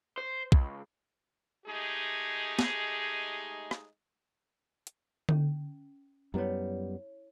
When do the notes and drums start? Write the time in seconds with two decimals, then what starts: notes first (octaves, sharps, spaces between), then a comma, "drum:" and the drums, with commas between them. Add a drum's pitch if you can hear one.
0.18 C5
0.52 C#2, drum: kick
1.66 G#3 A3 D#4 G4 G#4
2.59 drum: snare
3.71 drum: rim click
4.87 drum: hi-hat
5.29 C#4, drum: tom D3
6.34 F#2 G3 B3 E4 C#5